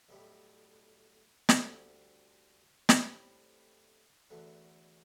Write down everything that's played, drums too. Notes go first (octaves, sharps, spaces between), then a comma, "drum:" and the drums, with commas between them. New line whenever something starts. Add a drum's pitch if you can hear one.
B1 A2 G3
D2 D3 G3 C4, drum: snare
A2 G3 C4 E4, drum: snare
E2 D3 F#3 A3